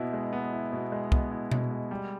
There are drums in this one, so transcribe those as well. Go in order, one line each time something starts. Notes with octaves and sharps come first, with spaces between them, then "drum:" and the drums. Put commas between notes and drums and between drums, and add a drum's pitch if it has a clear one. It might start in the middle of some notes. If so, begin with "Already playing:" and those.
Already playing: B2 B3 E4
G#3
B3
E4
B2
G#3
B3, drum: kick
E4
B2, drum: tom B2
G#3
G3